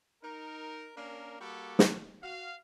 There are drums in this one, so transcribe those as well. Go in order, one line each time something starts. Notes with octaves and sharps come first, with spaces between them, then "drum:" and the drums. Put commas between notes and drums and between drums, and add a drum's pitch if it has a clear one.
D#4 A#4
A#3 C#4 D4 A#4
G3 A#3 F#4 G4 A4
drum: snare
F#4 F5